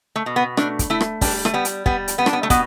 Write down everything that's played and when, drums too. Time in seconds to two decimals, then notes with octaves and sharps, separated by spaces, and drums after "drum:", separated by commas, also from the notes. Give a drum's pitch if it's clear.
0.16 A3
0.26 B2
0.36 B3
0.57 A3 D4, drum: rim click
0.79 drum: kick, hi-hat
0.90 A3 E4
1.01 drum: rim click
1.21 G3 D4, drum: kick, open hi-hat
1.45 A3, drum: rim click
1.54 G3 B3
1.65 drum: hi-hat
1.86 G3 B3, drum: kick
2.08 drum: hi-hat
2.18 G3 B3
2.26 D4, drum: rim click
2.33 B3
2.43 A3
2.50 B2 B3, drum: kick, hi-hat